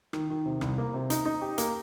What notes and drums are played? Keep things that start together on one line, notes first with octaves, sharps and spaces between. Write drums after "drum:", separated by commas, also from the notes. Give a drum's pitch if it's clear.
D#3, drum: rim click
D#3
C3
C2, drum: rim click
A#3
C3
D#4, drum: hi-hat
D#4
G4
A#3, drum: hi-hat